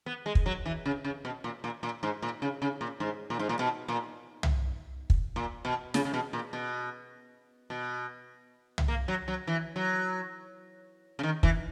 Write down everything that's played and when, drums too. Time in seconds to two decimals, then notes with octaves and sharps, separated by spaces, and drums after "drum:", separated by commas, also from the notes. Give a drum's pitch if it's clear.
0.06 B3
0.26 G#3
0.35 drum: kick
0.46 F#3
0.66 E3
0.86 C#3
1.04 C#3
1.25 B2
1.44 A#2
1.64 A#2
1.83 A#2
2.03 G#2
2.22 A#2
2.42 C#3
2.62 C#3
2.81 A#2
3.00 G#2
3.30 A#2
3.39 G#2
3.49 A#2
3.59 B2
3.88 A#2
4.43 drum: tom
5.10 drum: kick
5.36 A#2
5.65 B2
5.94 C#3, drum: snare
6.05 C#3
6.14 B2
6.33 A#2
6.53 B2
7.70 B2
8.78 drum: tom
8.88 A#3
9.08 F#3
9.28 F#3
9.47 E3
9.76 F#3
11.19 C#3
11.23 D#3
11.43 E3, drum: kick